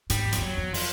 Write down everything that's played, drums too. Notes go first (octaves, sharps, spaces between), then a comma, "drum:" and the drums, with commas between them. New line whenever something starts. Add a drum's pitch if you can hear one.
G#2 G3, drum: hi-hat
F#2
F3, drum: hi-hat
G2
F#2 F#3
F2
F3, drum: open hi-hat